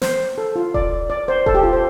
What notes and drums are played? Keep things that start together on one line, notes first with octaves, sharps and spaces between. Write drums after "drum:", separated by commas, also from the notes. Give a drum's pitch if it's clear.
C5, drum: snare
A4
F4
D5, drum: kick D#1
D5
C5
A4, drum: kick D#1
G4
F4
C5